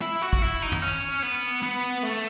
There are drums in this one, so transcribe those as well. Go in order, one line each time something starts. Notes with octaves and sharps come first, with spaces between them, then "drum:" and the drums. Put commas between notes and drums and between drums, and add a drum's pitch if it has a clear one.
E4
F#4
drum: kick
E4
D#4
drum: tom
C#4
B3
B3
A3